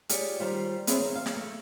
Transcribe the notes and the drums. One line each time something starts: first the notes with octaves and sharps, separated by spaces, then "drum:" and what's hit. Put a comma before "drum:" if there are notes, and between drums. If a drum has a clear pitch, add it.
F4 G4 G#4 C#5 D5, drum: hi-hat
D#3 G3 F4 G4 C5
B3 C4 G#4 C#5 E5 F5, drum: hi-hat
D#3
F5
drum: snare
A3